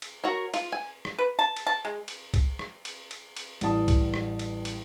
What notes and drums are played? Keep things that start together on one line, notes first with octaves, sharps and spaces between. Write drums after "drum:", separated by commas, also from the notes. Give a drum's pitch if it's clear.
drum: cymbal
F#4 A#4 C#5
F4, drum: cymbal
G#5
drum: rim click
B4
A5
drum: cymbal
A5
G#3
drum: cymbal
drum: kick C2, cymbal
drum: rim click
drum: cymbal
drum: cymbal
drum: cymbal
A1 E3 G3 A5 D#6, drum: cymbal
drum: kick C2, cymbal
drum: rim click
drum: cymbal
drum: cymbal